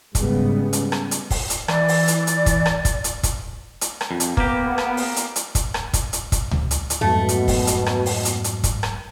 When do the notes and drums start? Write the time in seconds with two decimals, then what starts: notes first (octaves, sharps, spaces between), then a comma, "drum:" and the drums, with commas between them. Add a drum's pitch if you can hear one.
0.15 G#2 C#3 G3 B3, drum: kick, hi-hat
0.73 drum: hi-hat
0.92 drum: rim click
1.11 drum: hi-hat
1.31 drum: kick, open hi-hat
1.50 drum: hi-hat
1.68 E3 D5, drum: rim click
1.88 drum: open hi-hat
2.08 drum: hi-hat
2.27 drum: hi-hat
2.46 drum: kick, hi-hat
2.66 drum: rim click
2.85 drum: kick, hi-hat
3.04 drum: hi-hat
3.23 drum: kick, hi-hat
3.81 drum: hi-hat
4.01 drum: rim click
4.11 F2
4.20 drum: hi-hat
4.37 A#3 B3 G4, drum: kick
4.78 drum: rim click
4.97 drum: open hi-hat
5.16 drum: hi-hat
5.36 drum: hi-hat
5.55 drum: kick, hi-hat
5.74 drum: rim click
5.94 drum: kick, hi-hat
6.13 drum: hi-hat
6.32 drum: kick, hi-hat
6.51 drum: tom C#2
6.71 drum: hi-hat
6.90 drum: hi-hat
7.01 F2 G#2 B2 F#3 A3
7.29 drum: hi-hat
7.48 drum: kick, open hi-hat
7.67 drum: hi-hat
7.86 drum: rim click
8.06 drum: open hi-hat
8.25 drum: hi-hat
8.44 drum: hi-hat
8.64 drum: kick, hi-hat
8.83 drum: rim click